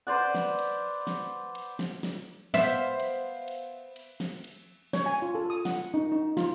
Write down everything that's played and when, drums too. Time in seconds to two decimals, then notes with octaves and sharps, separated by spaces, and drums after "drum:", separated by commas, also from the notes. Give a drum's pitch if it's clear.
0.07 B4 C5 D5 F#5
0.35 drum: snare
0.59 drum: cymbal
1.07 drum: snare
1.55 drum: cymbal
1.79 drum: snare
2.03 drum: snare
2.54 B3 C5 E5 F5, drum: snare
3.00 drum: cymbal
3.48 drum: cymbal
3.96 drum: cymbal
4.20 drum: snare
4.44 drum: cymbal
4.93 C#5, drum: snare
5.06 G#5
5.22 F4
5.35 A4
5.50 D#6
5.65 F#5, drum: snare
5.94 D#4
6.12 D#4
6.37 F4, drum: snare